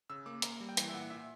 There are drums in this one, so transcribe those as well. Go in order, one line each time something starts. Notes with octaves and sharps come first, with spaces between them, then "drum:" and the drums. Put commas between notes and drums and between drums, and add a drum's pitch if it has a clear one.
C#3 E6
A#3 D6
A#3 A#5, drum: hi-hat
G3
G5
E3, drum: hi-hat
E5
A#2 F#5
A#2 E5